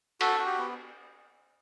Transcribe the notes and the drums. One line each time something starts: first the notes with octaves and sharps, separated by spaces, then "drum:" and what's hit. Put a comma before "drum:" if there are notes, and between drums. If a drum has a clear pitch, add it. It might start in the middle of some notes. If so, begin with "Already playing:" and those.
F#4 A4, drum: cymbal
F#4
G4
B3